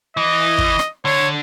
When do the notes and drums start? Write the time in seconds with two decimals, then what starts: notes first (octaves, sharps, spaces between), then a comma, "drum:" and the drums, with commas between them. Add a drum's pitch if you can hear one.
0.17 E3 D#5
0.58 drum: kick
0.79 drum: rim click
1.05 D3 C#5